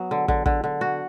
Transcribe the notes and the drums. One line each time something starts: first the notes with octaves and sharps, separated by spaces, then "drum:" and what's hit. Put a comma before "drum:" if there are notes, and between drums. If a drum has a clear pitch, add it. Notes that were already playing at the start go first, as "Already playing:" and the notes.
Already playing: F#3 B3
D3
D3, drum: kick
D3, drum: kick
D3
F#4